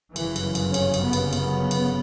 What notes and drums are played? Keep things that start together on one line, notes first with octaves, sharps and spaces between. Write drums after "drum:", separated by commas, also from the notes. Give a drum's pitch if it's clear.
G1 F#2 C#3 E3, drum: cymbal
drum: cymbal
drum: cymbal
C#4, drum: cymbal
drum: cymbal
B3
drum: cymbal
B3, drum: cymbal
drum: cymbal